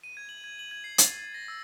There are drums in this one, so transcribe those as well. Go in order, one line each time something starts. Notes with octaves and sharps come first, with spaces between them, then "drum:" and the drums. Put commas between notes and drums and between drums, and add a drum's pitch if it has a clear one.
D#7
G#6
F#7
G#6
F#7
G#6
C7
A6, drum: hi-hat
A6
A#6
E6